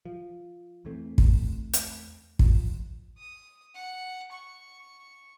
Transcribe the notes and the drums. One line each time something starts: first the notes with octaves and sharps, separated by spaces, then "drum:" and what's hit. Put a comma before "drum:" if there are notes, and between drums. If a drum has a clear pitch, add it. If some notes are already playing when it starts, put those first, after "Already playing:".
F3
E2 E3 A3 C4
drum: kick
drum: hi-hat
F3, drum: kick
D#6
F#5
C#6